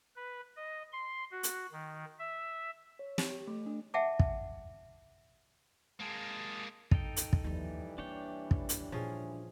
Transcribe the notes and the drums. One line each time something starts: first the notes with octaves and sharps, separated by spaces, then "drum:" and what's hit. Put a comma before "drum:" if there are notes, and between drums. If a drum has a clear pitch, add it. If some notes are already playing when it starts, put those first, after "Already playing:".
B4
D#5
C6
F#4
drum: hi-hat
D#3
E5
C#5
G4, drum: snare
A3
D4
E5 F#5 G#5 A5 D6
drum: kick
G#3 A#3 G#4 A5
D#4 A4 G5, drum: kick
drum: hi-hat
drum: kick
D#2 E3 F3 G3
A#3 D4 C#5 G5
drum: kick
drum: hi-hat
A#2 F3 C#4 G#4